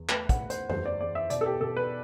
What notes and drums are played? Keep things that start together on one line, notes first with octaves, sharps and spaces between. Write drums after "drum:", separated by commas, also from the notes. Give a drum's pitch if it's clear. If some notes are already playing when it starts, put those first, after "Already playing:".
Already playing: E2
A3 B4, drum: clap
F#5, drum: kick, hi-hat
A3
C5, drum: hi-hat
E2 C5, drum: tom F#2
D5
E2 D5
E5
B2 D5, drum: hi-hat
A4
G4
B2 A4
B4